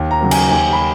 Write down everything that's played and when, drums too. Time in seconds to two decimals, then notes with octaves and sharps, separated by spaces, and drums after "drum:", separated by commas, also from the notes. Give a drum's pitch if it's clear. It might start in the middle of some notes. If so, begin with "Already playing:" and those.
Already playing: D#2
0.11 A#5
0.21 C#3 F#3 A#3
0.31 G#5, drum: cymbal
0.51 D#2 G#5
0.72 B5